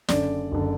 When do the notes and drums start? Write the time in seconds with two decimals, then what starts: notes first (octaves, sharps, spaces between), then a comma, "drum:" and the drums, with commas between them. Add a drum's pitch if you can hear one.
0.09 F#1 F#2 D3 D5, drum: snare
0.52 F#1 D3